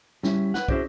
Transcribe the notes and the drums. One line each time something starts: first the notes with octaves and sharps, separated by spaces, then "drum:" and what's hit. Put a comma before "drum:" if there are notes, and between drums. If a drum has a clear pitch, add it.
G3 C#4 E4, drum: snare
B4 F#5, drum: snare
C#4 E4 F#4 G#4 C5 D5, drum: kick